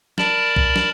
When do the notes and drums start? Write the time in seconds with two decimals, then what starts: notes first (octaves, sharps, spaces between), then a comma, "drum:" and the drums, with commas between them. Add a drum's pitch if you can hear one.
0.18 A#4 D5 A5 B5, drum: snare
0.56 drum: kick B1
0.76 drum: snare